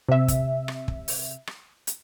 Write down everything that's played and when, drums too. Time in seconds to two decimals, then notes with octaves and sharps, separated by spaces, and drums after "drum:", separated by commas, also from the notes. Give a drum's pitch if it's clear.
0.08 C3 E5
0.28 drum: kick, hi-hat
0.68 drum: rim click
0.88 drum: kick
1.08 drum: open hi-hat
1.47 drum: rim click
1.87 drum: hi-hat